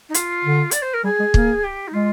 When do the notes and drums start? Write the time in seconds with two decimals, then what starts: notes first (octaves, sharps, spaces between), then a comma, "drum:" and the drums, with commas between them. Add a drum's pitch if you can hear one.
0.09 D#4
0.14 F4, drum: hi-hat
0.45 D3
0.71 D5, drum: hi-hat
0.82 C5
0.93 A#4
1.04 G3 G#4
1.20 G#3
1.34 A#3, drum: kick
1.63 G4
1.87 D#4
1.93 G#3 F4